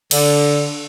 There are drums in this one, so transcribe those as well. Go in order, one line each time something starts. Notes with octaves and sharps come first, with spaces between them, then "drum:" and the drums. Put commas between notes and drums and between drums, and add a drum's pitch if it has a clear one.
D3, drum: cymbal